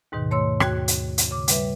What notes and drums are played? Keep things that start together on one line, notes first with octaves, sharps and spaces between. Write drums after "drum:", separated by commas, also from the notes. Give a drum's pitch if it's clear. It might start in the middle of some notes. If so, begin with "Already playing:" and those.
D#2 G#2 B2 D#3
A3 C#5 C6 E6
D#2 F#4 G5 G#6, drum: rim click
drum: hi-hat
drum: hi-hat
C#3 D6
G3 B4 E5, drum: hi-hat